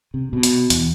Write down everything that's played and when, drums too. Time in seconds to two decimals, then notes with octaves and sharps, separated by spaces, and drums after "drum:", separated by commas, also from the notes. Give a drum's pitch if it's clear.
0.14 C3
0.33 B2
0.43 drum: hi-hat
0.70 E2, drum: hi-hat